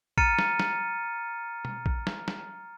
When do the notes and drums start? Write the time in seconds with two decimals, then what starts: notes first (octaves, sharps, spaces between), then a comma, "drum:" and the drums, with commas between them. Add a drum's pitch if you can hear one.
0.18 A#5 F6 A6 C#7 D#7, drum: kick A#1
0.39 drum: snare
0.60 drum: snare
1.65 drum: tom B2
1.86 drum: kick A#1
2.07 drum: snare
2.28 drum: snare